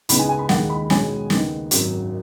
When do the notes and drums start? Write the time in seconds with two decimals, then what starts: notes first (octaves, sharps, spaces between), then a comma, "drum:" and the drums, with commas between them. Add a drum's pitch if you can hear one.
0.09 C#2 C#3 G#3 B3 D#4 B5, drum: hi-hat
0.19 G#5
0.29 G#5
0.39 B5
0.49 D#2 D#3 G#3 D#4 F#5, drum: snare
0.70 B5
0.90 B1 B2 G#3 C#4 G#5, drum: snare
1.30 D#2 C#3 B3 D#4, drum: snare
1.71 G#1 F#2 F#3, drum: hi-hat